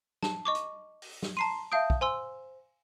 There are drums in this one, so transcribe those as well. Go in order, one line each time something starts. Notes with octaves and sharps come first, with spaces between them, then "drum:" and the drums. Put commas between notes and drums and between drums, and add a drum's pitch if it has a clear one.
A5, drum: snare
D#5 C#6 D6
drum: hi-hat
drum: open hi-hat
drum: snare
A5 A#5 C6 C7 D#7
E5 F5 A5 D#6 G6 D7
drum: kick
C5 G#5 C6 E6